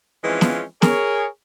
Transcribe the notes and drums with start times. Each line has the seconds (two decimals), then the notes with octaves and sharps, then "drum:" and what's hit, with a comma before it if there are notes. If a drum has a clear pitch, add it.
0.24 E3 F3 G#3 C4 C#4 F4
0.41 drum: snare
0.82 G#4 A#4 C#5, drum: snare